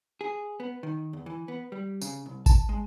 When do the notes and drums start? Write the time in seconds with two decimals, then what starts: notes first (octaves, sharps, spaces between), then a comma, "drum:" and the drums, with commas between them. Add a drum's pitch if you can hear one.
0.21 G#4
0.60 B3
0.83 D#3
1.13 E2
1.26 E3
1.48 B3
1.72 G3
2.01 C#3, drum: tambourine
2.26 C2
2.46 A5, drum: kick G#1, tambourine
2.69 G#3